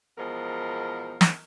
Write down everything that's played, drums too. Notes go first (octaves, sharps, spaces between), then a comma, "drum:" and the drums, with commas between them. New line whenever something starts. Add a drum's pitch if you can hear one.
E2 B2 F3 G#3 A#4
drum: snare